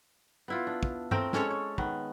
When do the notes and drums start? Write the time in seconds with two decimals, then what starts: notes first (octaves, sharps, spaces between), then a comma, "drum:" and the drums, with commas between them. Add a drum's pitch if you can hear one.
0.48 B3 E4 F4
0.67 D4
0.83 drum: kick
1.11 A3 C4 A#4 G5, drum: tom G2
1.33 G#3 C#4 A4 C#5, drum: snare
1.50 C#5
1.78 D#3 B3, drum: kick